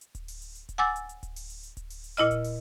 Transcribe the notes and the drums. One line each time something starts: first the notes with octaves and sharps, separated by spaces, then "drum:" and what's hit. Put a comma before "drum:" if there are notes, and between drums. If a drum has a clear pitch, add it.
drum: hi-hat
drum: kick D1, hi-hat
drum: open hi-hat
drum: hi-hat
drum: hi-hat
drum: kick D1, hi-hat
F#5 G#5 D6 E6 A6
drum: hi-hat
drum: hi-hat
drum: kick D1, hi-hat
drum: open hi-hat
drum: hi-hat
drum: hi-hat
drum: kick D1, hi-hat
drum: open hi-hat
drum: hi-hat
A#2 E4 D#5 F6, drum: hi-hat
drum: kick D1, hi-hat
drum: open hi-hat